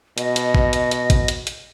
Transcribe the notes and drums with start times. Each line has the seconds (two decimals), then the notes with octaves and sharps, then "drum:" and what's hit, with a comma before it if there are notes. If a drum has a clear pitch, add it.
0.18 B2 D#5, drum: hi-hat
0.36 drum: hi-hat
0.55 drum: kick
0.73 drum: hi-hat
0.91 drum: hi-hat
1.10 drum: kick, hi-hat
1.28 drum: hi-hat
1.47 drum: hi-hat